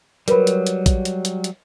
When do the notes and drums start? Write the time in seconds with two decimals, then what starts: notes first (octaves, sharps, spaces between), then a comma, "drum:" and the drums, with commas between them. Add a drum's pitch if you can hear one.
0.28 F#3 G3 A#4 B4 B5, drum: hi-hat
0.47 drum: hi-hat
0.67 drum: hi-hat
0.86 drum: kick A#1, hi-hat
1.05 drum: hi-hat
1.25 drum: hi-hat
1.44 drum: hi-hat